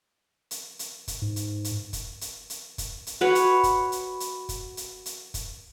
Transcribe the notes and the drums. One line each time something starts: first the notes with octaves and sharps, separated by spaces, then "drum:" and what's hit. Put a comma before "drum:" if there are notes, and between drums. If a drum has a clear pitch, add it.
drum: hi-hat
drum: hi-hat
drum: kick, hi-hat
G#2
drum: hi-hat
drum: hi-hat
drum: kick, hi-hat
drum: hi-hat
drum: hi-hat
drum: kick, hi-hat
drum: hi-hat
F#4 B4 C#5
drum: hi-hat
drum: kick, hi-hat
drum: hi-hat
drum: hi-hat
drum: kick, hi-hat
drum: hi-hat
drum: hi-hat
drum: kick, hi-hat